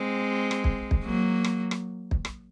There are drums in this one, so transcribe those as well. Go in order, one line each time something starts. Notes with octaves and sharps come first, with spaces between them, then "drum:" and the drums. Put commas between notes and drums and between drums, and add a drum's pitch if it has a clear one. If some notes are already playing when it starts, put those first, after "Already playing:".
Already playing: G#3 C4
drum: rim click
drum: kick
drum: kick
F#3 A#3
drum: rim click
drum: rim click
drum: kick
drum: rim click